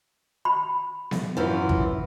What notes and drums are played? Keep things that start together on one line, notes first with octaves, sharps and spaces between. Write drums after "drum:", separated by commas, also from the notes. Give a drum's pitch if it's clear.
B5
drum: snare B3
F#2 E3 F4
drum: kick